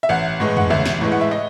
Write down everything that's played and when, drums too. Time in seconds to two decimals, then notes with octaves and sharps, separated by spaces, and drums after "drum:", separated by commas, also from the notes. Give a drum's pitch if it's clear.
0.03 E5
0.09 A1 F#5
0.40 A2 E3 G#3
0.57 F#5, drum: tom
0.70 A1 E5, drum: tom
0.85 drum: snare
1.01 A2 E3 G#3
1.12 F#5
1.21 E5
1.31 D#5